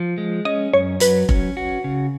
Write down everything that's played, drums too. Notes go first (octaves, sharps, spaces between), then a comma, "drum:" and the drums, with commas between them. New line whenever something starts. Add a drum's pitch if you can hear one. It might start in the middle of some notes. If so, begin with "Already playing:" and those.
Already playing: F3
G#3
C#4 D#5
F#2 C#5
F#3 B4, drum: hi-hat
C#4, drum: kick F1
F#4
C#3